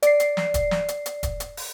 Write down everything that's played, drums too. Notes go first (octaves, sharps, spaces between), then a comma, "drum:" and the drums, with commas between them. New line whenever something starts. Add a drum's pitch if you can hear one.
D5 C7, drum: hi-hat
drum: hi-hat
drum: snare
drum: kick E1, hi-hat
drum: snare
drum: hi-hat
drum: hi-hat
drum: kick E1, hi-hat
drum: hi-hat
drum: open hi-hat